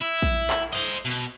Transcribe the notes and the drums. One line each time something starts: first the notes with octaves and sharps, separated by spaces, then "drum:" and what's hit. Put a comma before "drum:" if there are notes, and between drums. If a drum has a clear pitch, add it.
E4
drum: kick A#1
drum: clap
C5 D#5
B2